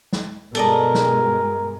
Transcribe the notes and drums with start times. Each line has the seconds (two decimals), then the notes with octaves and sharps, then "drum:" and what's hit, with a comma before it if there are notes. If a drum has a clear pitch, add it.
0.13 drum: snare
0.55 G2 B2 G#3 A4 A#4 D5 D#5, drum: cymbal
0.94 drum: snare